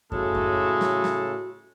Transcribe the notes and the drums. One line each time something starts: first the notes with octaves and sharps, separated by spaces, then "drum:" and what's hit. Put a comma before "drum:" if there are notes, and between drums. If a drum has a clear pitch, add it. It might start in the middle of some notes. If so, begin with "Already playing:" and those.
A2 C#3 G#3 F#4 A4, drum: kick F#2
drum: kick F#2
drum: snare
drum: snare